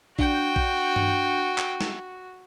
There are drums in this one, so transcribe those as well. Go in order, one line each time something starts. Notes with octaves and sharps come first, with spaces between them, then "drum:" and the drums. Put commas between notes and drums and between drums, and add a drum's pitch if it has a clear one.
D4 F#4 G5 G6, drum: kick A#1
drum: kick A#1
drum: tom G2
drum: clap
drum: snare